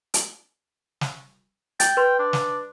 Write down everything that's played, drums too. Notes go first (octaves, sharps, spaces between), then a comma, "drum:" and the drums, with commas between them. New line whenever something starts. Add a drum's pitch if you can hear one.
drum: hi-hat
drum: snare
G5 A6, drum: hi-hat
B4 C6
D4
drum: snare